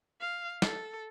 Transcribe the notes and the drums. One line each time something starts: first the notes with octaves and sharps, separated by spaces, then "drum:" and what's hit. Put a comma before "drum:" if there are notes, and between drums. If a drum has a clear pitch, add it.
F5
A4, drum: snare